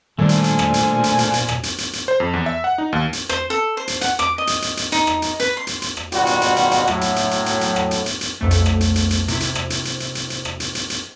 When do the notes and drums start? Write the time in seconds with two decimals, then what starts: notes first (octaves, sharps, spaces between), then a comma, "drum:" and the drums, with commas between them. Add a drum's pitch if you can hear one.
0.19 A#2 D#3 G3 A3 D4 F4 C5 G#5
0.29 drum: hi-hat
0.44 drum: hi-hat
0.59 drum: rim click
0.74 drum: hi-hat
1.04 drum: hi-hat
1.19 drum: hi-hat
1.34 drum: hi-hat
1.48 drum: rim click
1.63 drum: hi-hat
1.78 drum: hi-hat
1.93 drum: hi-hat
2.08 C5
2.20 F2
2.33 E2
2.46 E5
2.64 F#5
2.78 D#4
2.92 D#2
3.13 drum: hi-hat
3.29 C5, drum: rim click
3.50 A4
3.77 C5
3.88 drum: hi-hat
4.01 F#5, drum: hi-hat
4.19 D6, drum: rim click
4.38 D#5
4.47 drum: hi-hat
4.62 drum: hi-hat
4.77 drum: hi-hat
4.92 D#4, drum: hi-hat
5.07 drum: rim click
5.22 drum: hi-hat
5.40 B4, drum: hi-hat
5.57 C6
5.67 drum: hi-hat
5.82 drum: hi-hat
5.97 drum: rim click
6.12 G#1 B2 G3 F4 F#4, drum: hi-hat
6.27 drum: hi-hat
6.42 drum: hi-hat
6.56 drum: hi-hat
6.71 drum: hi-hat
6.88 A2 F#3, drum: rim click
7.01 drum: hi-hat
7.16 drum: hi-hat
7.31 drum: hi-hat
7.46 drum: hi-hat
7.61 drum: hi-hat
7.76 drum: rim click
7.91 drum: hi-hat
8.06 drum: hi-hat
8.21 drum: hi-hat
8.41 B1 F2 A3
8.51 drum: hi-hat
8.66 drum: rim click
8.81 drum: hi-hat
8.96 drum: hi-hat
9.10 drum: hi-hat
9.28 C3 E4, drum: hi-hat
9.40 drum: hi-hat
9.55 drum: rim click
9.70 drum: hi-hat
9.85 drum: hi-hat
10.00 drum: hi-hat
10.15 drum: hi-hat
10.30 drum: hi-hat
10.45 drum: rim click
10.60 drum: hi-hat
10.75 drum: hi-hat
10.90 drum: hi-hat